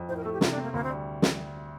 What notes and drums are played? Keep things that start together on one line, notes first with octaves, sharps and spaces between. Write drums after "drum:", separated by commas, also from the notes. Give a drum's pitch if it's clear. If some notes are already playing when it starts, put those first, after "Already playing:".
Already playing: F2
A2 C5
A#4
A3 A4
G4
C3 F4, drum: snare
D4
C4
A#3
D2 A#3
C4
G3
drum: snare